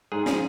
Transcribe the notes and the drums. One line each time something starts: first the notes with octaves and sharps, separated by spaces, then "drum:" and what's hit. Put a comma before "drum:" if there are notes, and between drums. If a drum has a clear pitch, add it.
G#2 G#4
F3 G#4, drum: snare